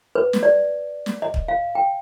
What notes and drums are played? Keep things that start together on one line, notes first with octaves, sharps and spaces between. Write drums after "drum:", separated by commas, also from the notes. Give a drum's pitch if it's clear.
B4
drum: snare
D5
drum: snare
D#5
drum: kick
F5
G5